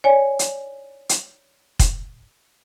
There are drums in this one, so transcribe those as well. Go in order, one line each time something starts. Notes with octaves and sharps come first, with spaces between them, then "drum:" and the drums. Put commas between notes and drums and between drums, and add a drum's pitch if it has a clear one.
C#5 D5 G#5
drum: hi-hat
drum: hi-hat
drum: kick, hi-hat